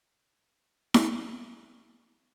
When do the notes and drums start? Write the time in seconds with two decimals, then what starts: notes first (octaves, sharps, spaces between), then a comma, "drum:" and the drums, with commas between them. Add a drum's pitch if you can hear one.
0.22 C4 B5
0.94 drum: snare E4